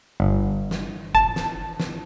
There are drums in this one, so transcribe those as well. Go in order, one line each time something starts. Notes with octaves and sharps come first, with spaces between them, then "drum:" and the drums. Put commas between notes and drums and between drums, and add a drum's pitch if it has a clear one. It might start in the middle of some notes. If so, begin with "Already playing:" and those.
G1
drum: snare
A5, drum: kick
drum: snare
drum: snare